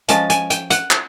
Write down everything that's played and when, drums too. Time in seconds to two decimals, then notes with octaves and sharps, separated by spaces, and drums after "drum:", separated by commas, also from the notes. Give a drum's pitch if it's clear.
0.08 F3 G#3 C#4 A5, drum: hi-hat
0.30 G#5, drum: hi-hat
0.50 G5, drum: hi-hat
0.70 F#5, drum: hi-hat
0.91 drum: clap